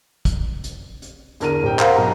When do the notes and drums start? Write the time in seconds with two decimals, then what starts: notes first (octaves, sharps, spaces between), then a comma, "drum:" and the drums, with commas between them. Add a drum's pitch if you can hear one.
0.25 drum: kick, hi-hat
0.64 drum: hi-hat
1.02 drum: hi-hat
1.40 E2 D3 A#4 F6 D#7, drum: hi-hat
1.63 D#1 G5
1.79 A#4 C5 F5 F#5 B5, drum: clap
1.95 B1 A#5